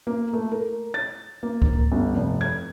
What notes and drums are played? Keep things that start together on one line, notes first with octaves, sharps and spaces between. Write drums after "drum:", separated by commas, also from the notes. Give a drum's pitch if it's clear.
A#3
A3
A#4
A6
A#3
drum: kick C#2
G1
F1
G#6